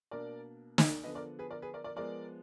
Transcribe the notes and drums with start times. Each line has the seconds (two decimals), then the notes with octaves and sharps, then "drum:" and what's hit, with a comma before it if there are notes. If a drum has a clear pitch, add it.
0.11 B2 A#3 D4 A#4 D5
0.78 drum: snare
1.04 D3 F3 B3 D4 B4 D#5
1.15 A#4 D5
1.39 G#4 B4
1.51 A#4 D5
1.62 G#4 B4
1.74 A#4 D5
1.84 A#4 D5
1.96 F3 G#3 B3 A#4 D5